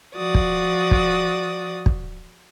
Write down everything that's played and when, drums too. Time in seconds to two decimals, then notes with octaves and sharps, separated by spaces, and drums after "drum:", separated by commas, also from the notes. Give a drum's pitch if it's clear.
0.16 F3 F#4 D5 D#6
0.35 drum: kick
0.91 drum: kick
1.86 drum: kick